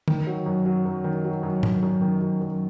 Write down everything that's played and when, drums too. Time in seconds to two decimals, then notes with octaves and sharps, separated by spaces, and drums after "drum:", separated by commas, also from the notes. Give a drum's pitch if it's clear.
0.08 D#3, drum: tom
0.27 F#3
0.46 F#2
0.66 F#3
0.85 F#2
1.04 D#3
1.24 F#3
1.43 F#2
1.63 F#2, drum: tom G#2
1.82 F#2
2.01 D#3
2.21 F#2
2.41 F#2